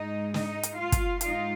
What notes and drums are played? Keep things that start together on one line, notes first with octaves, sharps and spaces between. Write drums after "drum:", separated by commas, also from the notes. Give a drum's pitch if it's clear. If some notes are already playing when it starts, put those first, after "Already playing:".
Already playing: G#2 G#3 D#4 D#5
D#4 D#5, drum: snare
drum: hi-hat
F4 F5
drum: kick, hi-hat
G#2 G#3 D#4 F4 F5, drum: hi-hat